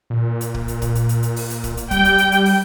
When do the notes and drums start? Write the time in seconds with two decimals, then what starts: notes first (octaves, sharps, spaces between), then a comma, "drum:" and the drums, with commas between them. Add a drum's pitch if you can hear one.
0.10 A#2
0.41 drum: hi-hat
0.54 drum: kick
0.68 drum: hi-hat
0.82 drum: kick, hi-hat
0.95 drum: hi-hat
1.09 drum: hi-hat
1.23 drum: hi-hat
1.36 drum: open hi-hat
1.50 drum: hi-hat
1.64 drum: kick, hi-hat
1.77 drum: hi-hat
1.91 G3 G5, drum: kick, hi-hat
2.05 drum: hi-hat
2.18 drum: hi-hat
2.32 drum: hi-hat
2.46 drum: open hi-hat